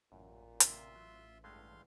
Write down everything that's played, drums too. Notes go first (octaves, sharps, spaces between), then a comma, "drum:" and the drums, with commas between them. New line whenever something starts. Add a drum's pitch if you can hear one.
A1 F#2 A#2
C3 F4 E5 C6, drum: hi-hat
F#3
E2 G2 G#3 A3 F5 C6